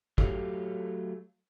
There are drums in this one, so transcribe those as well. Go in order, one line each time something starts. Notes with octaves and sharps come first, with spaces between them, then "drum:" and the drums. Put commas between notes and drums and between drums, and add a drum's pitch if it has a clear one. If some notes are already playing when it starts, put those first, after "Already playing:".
F#3 A3 G4 A4 C#5 F5, drum: kick